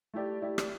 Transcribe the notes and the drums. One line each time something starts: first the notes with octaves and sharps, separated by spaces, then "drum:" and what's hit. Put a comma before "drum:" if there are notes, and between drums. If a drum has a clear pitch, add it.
A3 E4 G4 D5
A3 E4 G4 D5
drum: rim click